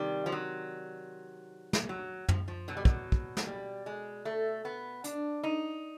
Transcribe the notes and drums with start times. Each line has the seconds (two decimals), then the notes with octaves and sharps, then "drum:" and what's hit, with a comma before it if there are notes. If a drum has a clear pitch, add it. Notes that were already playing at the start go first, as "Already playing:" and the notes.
Already playing: C3 D#3 G3
0.26 F3
0.32 F#3
1.73 drum: snare
1.89 F#3
2.29 F3, drum: tom
2.48 F3
2.68 B2 F#3
2.77 G3
2.85 F#3, drum: kick
3.12 drum: kick
3.37 drum: snare
3.47 G3
3.86 G#3
4.25 A3
4.65 B3
5.04 D4, drum: hi-hat
5.43 D#4